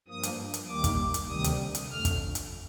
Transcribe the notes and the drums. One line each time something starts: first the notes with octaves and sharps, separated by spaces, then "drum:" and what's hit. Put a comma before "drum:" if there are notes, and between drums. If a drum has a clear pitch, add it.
G2 F3 A#3 D#6
drum: hi-hat
drum: hi-hat
D#2 D#3 G3 A#3 D6
drum: kick, hi-hat
drum: hi-hat
D2 C3 D#3 G3 D#6
drum: hi-hat
drum: hi-hat
F2 D3 A3 F6
drum: kick, hi-hat
drum: hi-hat